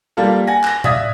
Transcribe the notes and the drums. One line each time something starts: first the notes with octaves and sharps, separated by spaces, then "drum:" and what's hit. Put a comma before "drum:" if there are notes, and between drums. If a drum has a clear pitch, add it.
G3 A#3 F4 A4
F#5 G#5 A#6
F#6 A#6, drum: clap
D5 E5 F5 D#6 G#6 B6, drum: tom A2